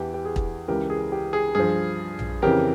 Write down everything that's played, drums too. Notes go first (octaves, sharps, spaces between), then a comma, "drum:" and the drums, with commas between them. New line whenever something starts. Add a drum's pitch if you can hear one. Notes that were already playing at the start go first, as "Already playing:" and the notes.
Already playing: E2 E3 G4
G4
G#4
drum: kick
C#2 C#3 E3 G4 A#4
G#4
G4
G#4
G2 F3 G#4
drum: tom A#1
F2 C#3 E3 G4 A#4